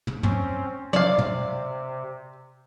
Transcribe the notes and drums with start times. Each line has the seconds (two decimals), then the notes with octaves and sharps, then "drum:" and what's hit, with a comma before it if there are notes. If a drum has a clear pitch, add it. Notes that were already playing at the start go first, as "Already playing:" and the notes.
0.07 drum: tom
0.23 C4 C#4, drum: tom
0.93 C3 D5 F5, drum: tom
1.18 drum: tom